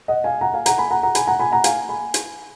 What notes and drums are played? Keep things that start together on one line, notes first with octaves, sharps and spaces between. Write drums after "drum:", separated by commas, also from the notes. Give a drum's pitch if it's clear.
D#5 F#5
F5 G#5
F#5 A#5
F5 G#5
F#5 A#5, drum: hi-hat
G#5 B5
F#5 A#5
F#5 A#5
G#5 B5, drum: hi-hat
F#5 A#5
G#5 B5
F#5 A#5
F5 G#5, drum: hi-hat
G#5 B5
drum: hi-hat